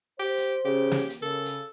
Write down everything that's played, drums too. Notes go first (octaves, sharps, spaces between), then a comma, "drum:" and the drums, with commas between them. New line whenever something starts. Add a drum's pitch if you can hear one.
G4 C5
drum: hi-hat
C#3 G4
drum: snare
drum: hi-hat
C#3 A4 A#4
drum: hi-hat